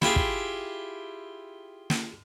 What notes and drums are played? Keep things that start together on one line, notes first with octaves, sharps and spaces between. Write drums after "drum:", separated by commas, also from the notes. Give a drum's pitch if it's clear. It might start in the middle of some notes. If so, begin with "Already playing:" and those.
E4 F4 G4 G#4, drum: snare
drum: kick
drum: snare